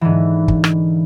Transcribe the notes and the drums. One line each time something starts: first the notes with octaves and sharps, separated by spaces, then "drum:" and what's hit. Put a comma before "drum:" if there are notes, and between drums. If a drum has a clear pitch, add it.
G#2 D3 E3
drum: kick
drum: rim click